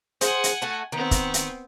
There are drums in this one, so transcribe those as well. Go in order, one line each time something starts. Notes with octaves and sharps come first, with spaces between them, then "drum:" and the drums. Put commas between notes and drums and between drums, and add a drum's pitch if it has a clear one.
G#4 C5 F#5 G#5, drum: hi-hat
drum: hi-hat
A3 F#4 A5
D#3 B3 C4
drum: kick, hi-hat
drum: hi-hat